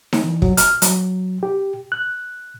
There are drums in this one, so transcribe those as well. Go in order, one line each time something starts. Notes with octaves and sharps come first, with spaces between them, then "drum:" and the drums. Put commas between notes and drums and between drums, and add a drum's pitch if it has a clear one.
drum: snare D#4
E3
F#3, drum: kick
F6, drum: hi-hat
F#3, drum: hi-hat
G4
F#6